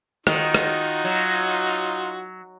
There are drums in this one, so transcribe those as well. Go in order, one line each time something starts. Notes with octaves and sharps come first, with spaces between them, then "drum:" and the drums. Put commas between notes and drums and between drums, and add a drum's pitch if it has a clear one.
D#3 D#4 F4 F#4, drum: rim click
drum: rim click
F#3